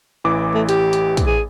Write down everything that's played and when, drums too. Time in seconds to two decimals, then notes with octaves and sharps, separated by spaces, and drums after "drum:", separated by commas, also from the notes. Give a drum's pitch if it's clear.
0.24 A1 E3 D6
0.55 A3
0.69 G4, drum: hi-hat
0.93 drum: hi-hat
1.17 drum: kick, hi-hat
1.26 G#4